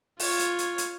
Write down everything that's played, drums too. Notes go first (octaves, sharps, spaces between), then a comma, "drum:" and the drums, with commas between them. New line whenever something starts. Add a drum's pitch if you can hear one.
F4 C#5, drum: open hi-hat
drum: hi-hat
drum: hi-hat
drum: hi-hat